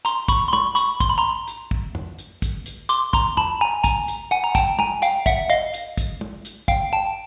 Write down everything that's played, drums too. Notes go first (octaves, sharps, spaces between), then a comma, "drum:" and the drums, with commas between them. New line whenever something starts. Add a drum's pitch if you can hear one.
A#5 C6, drum: hi-hat
B5 C#6, drum: kick, hi-hat
C6
B5 C#6, drum: tom
B5 C#6, drum: hi-hat
C6, drum: kick, hi-hat
B5
A#5 C6
drum: hi-hat
drum: kick
drum: tom
drum: hi-hat
drum: kick, hi-hat
drum: hi-hat
C6 D6, drum: hi-hat
A#5 C6, drum: kick, hi-hat
A5 B5, drum: tom
G#5 A#5
G#5 A#5, drum: kick, hi-hat
drum: hi-hat
F#5 G#5
A#5
G5 A5, drum: kick, hi-hat
G#5 A#5, drum: tom
F5 G5, drum: hi-hat
E5 F#5, drum: kick, hi-hat
D#5 F5, drum: hi-hat
drum: hi-hat
drum: kick, hi-hat
drum: tom
drum: hi-hat
F5 G5, drum: kick, hi-hat
G5 A5